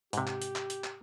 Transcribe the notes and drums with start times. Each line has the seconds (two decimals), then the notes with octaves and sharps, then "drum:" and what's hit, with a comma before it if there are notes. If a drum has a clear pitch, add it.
0.13 G#2 C3 G4, drum: hi-hat
0.27 drum: clap
0.42 drum: hi-hat
0.56 drum: clap
0.70 drum: hi-hat
0.84 drum: clap